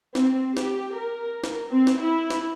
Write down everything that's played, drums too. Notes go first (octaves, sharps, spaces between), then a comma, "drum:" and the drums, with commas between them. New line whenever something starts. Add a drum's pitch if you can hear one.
C4, drum: snare
G4, drum: snare
A#4
drum: snare
C4
drum: snare
E4
drum: snare